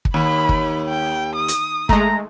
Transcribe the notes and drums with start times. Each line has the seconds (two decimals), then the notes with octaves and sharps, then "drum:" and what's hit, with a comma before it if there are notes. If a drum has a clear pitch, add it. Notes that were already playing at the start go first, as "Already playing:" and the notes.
0.05 drum: kick
0.14 D#2 B5
0.49 drum: kick
0.89 G5
1.35 D#6
1.48 drum: hi-hat
1.89 G#3 A3 A#5, drum: kick